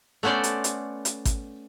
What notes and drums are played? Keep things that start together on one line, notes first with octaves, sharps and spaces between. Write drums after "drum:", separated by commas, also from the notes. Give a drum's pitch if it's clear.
A3 B3 C#4 C5 D5
drum: hi-hat
drum: hi-hat
drum: hi-hat
drum: kick G#1, hi-hat